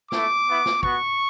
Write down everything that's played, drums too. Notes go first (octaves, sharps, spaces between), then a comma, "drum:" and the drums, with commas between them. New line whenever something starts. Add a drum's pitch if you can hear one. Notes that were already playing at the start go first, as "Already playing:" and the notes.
A3 E4 D6, drum: snare
B3 E4
drum: snare
B3 F#4 C#6, drum: kick